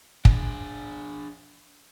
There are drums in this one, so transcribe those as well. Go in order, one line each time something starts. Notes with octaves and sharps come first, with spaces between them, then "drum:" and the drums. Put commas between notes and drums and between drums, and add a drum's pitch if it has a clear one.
D4 G#4, drum: kick